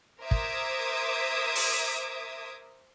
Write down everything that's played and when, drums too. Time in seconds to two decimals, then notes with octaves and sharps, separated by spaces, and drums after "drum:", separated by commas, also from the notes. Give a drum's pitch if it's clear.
0.21 A#4 C5 E5 D6 D#6 G#6
0.31 drum: kick
1.55 drum: open hi-hat